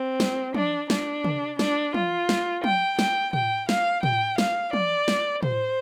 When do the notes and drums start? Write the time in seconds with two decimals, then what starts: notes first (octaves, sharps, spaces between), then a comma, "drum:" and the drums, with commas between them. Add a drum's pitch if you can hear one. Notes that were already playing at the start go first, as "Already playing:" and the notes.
Already playing: C4
0.20 drum: snare
0.54 D4, drum: tom
0.90 D4, drum: snare
1.24 drum: tom
1.59 D4, drum: snare
1.94 F4, drum: tom
2.29 drum: snare
2.64 G5, drum: tom
2.99 G5, drum: snare
3.33 G5, drum: tom
3.69 F5, drum: snare
4.03 G5, drum: tom
4.38 F5, drum: snare
4.73 D5, drum: tom
5.08 drum: snare
5.43 C5, drum: tom